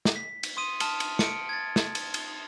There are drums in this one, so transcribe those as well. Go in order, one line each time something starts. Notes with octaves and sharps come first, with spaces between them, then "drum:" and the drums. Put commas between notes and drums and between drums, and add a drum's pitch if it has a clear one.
drum: snare
B6
drum: cymbal
C6 D#6 D#7
A5 D#6 F6, drum: cymbal
drum: cymbal
C#7 D7, drum: snare
G#6 A6
drum: snare
drum: cymbal
drum: cymbal